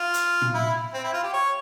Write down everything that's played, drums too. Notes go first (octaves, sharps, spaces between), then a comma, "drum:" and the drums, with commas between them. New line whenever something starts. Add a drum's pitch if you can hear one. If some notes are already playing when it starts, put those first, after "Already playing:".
Already playing: F4
drum: hi-hat
drum: tom A#2
E4
C4
E4
F4
G4
C#5